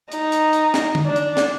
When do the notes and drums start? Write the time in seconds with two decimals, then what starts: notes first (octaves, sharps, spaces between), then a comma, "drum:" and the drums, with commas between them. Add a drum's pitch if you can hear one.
0.12 D#4, drum: hi-hat
0.32 drum: hi-hat
0.53 drum: hi-hat
0.74 drum: snare
0.95 drum: tom
1.06 D4
1.16 drum: hi-hat
1.37 drum: snare